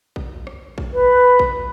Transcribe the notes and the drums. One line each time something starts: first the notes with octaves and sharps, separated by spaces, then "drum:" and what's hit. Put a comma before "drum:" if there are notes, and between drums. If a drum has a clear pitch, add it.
drum: kick A#1
drum: rim click
drum: kick A#1
B4
drum: kick A#1